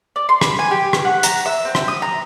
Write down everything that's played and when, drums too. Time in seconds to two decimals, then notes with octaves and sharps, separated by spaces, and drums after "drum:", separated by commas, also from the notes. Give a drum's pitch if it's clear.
0.16 D5
0.29 C6
0.41 B5, drum: rim click
0.59 G#5
0.71 G4
0.93 drum: rim click
1.05 F#5
1.23 A#5, drum: hi-hat
1.46 E5
1.65 C4
1.75 drum: rim click
1.88 D#6
2.02 A#5